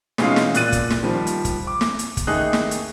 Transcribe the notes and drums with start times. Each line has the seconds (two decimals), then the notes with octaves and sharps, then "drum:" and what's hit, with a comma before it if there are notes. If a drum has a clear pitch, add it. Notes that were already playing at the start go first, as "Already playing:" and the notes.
0.18 B2 E3 G#3 C#4 D#4 F4, drum: snare
0.36 drum: snare
0.54 A#2 D5 F#6 A6 D#7, drum: hi-hat
0.72 drum: kick, hi-hat
0.90 drum: snare
1.03 D#3 F3 G3
1.27 drum: hi-hat
1.45 drum: kick, hi-hat
1.67 D6
1.81 drum: snare
1.99 drum: hi-hat
2.17 drum: kick, hi-hat
2.27 D#2 A3 D#4 G#4 F#6
2.53 drum: snare
2.71 drum: hi-hat